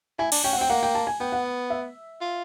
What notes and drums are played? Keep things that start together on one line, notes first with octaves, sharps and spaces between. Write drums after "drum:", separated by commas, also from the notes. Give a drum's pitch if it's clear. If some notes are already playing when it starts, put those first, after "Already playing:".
E4 G#5
D4, drum: cymbal
C#4 G5
F#5
C4
G5
A#3 F#5
G5
A5
G#5
B3 G5
F#5
E5
F4